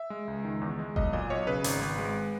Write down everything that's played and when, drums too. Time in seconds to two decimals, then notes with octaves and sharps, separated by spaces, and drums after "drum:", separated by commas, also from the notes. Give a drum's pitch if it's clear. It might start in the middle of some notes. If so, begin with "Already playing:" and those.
Already playing: E5
0.10 G#3
0.28 C#2
0.45 D#3
0.61 E2
0.79 G#3
0.96 B1 D#5, drum: kick F#1
1.13 A#2 D#5
1.30 B1 C#5
1.47 C#3 B4
1.64 G#1, drum: hi-hat
1.81 G#1
1.99 G#3